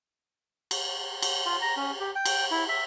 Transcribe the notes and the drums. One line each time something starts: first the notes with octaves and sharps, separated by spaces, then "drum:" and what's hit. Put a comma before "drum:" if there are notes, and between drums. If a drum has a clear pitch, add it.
drum: cymbal
drum: cymbal
F4
A#5
C#4
G4
G5
drum: cymbal
E4
E5